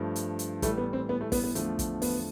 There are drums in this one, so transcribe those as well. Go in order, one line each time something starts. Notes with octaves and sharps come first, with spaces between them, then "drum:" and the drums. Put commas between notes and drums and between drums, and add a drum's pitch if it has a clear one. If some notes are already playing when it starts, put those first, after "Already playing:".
Already playing: G2 F3 A3
drum: hi-hat
drum: hi-hat
A2 E3 G3 A3, drum: kick, hi-hat
B3
C4
B3
A3
B3, drum: kick, open hi-hat
B3
E2 D3 F3 A3, drum: hi-hat
drum: kick, hi-hat
B3, drum: open hi-hat